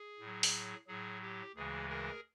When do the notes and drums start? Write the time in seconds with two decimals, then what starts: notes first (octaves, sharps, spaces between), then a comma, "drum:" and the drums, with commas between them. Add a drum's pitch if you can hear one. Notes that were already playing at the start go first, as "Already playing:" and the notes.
Already playing: G#4
0.20 A2
0.25 F#3
0.43 drum: open hi-hat
0.88 A2 F#3 G#4
1.22 G4
1.55 D2 C#3 E3 G#3 G#4
1.89 G#4 A#4